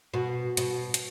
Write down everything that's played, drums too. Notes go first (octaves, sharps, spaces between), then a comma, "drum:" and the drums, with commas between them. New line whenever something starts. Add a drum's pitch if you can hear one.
B2
B2, drum: hi-hat
drum: hi-hat